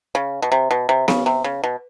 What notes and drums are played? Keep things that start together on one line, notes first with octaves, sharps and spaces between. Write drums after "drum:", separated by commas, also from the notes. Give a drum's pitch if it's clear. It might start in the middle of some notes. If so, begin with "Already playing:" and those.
C#3
B2
C3
B2
C3
C#3, drum: snare B3
C3
C#3
B2